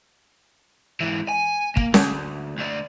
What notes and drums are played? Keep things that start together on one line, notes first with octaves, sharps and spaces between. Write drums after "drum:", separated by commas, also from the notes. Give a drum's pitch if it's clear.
G#2 E3
G#5
A#3, drum: kick
D2, drum: snare C#4
D2 D5